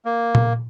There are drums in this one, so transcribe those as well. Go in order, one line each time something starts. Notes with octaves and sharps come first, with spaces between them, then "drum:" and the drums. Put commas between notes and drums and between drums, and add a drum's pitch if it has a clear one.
A#3
drum: tom A#2